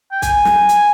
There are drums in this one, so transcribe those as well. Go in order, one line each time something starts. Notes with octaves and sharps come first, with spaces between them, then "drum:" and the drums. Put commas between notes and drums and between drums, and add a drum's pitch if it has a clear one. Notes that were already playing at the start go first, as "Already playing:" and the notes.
G5
G#5, drum: kick C2, hi-hat
drum: snare
drum: hi-hat